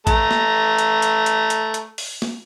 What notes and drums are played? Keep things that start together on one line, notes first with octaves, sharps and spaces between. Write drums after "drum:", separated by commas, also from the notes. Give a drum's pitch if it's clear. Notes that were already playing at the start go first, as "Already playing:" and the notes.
A3 A#5, drum: kick A1, hi-hat
drum: snare
drum: hi-hat
drum: hi-hat
drum: hi-hat
drum: hi-hat
drum: hi-hat
drum: open hi-hat
drum: snare